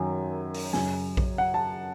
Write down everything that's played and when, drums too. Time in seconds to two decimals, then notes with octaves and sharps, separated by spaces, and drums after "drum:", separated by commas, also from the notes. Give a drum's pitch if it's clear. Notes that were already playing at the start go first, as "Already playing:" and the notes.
Already playing: F#2 D#3 F#3 G#5
0.54 drum: open hi-hat
0.73 F#2 C#3 F#3 G#5, drum: snare
1.17 drum: kick A#1
1.38 F#5
1.54 A5